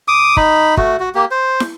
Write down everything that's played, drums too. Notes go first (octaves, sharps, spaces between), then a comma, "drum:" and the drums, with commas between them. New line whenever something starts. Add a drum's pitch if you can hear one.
D6 D#6
D#4 B5, drum: kick
A3 F#4, drum: kick
F#4
A#3 G4
C5
drum: snare